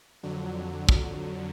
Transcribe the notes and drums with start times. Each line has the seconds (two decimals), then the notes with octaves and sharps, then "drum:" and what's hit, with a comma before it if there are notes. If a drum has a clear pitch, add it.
0.23 F2 D3 F#3
0.89 drum: kick